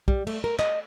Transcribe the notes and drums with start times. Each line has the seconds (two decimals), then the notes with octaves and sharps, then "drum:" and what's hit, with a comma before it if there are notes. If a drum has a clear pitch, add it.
0.08 G3, drum: kick
0.27 A3, drum: cymbal
0.44 A#4
0.59 D#5, drum: clap